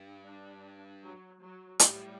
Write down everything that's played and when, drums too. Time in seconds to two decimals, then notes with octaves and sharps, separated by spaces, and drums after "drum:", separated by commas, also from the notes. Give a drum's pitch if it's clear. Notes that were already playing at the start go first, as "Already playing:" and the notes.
Already playing: G2
0.24 D4
1.05 F#3
1.44 F#3
1.79 A#2, drum: hi-hat
1.84 A2 G3